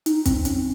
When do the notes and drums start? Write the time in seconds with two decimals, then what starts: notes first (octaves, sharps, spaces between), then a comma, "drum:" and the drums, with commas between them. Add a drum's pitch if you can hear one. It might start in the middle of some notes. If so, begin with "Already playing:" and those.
0.06 D#4, drum: hi-hat
0.25 C4, drum: kick, hi-hat
0.45 C#4, drum: hi-hat